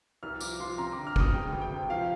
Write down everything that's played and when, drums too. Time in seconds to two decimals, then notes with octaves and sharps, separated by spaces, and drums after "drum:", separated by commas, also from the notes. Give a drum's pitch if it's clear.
0.23 C2 F6
0.40 F3 D6, drum: tambourine
0.60 F3 C6
0.78 C4 A#5
0.93 D3 D6
1.07 F6
1.16 D2 D#6, drum: kick G1
1.33 G#3 G5
1.53 D2
1.61 G5
1.71 C3
1.90 F3 F5